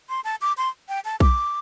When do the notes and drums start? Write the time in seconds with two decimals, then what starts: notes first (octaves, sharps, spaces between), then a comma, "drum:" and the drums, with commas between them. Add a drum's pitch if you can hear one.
0.09 C6
0.24 A5
0.41 D6
0.57 C6
0.89 G5
1.05 A5
1.20 D6, drum: kick B1